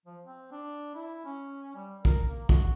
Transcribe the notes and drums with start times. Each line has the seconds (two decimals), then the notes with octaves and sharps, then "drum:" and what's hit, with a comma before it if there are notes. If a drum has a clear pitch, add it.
0.06 F3
0.25 C4
0.52 D4
0.95 E4
1.25 C#4
1.75 G3
2.05 A#4, drum: kick
2.27 A#3
2.49 F#4, drum: kick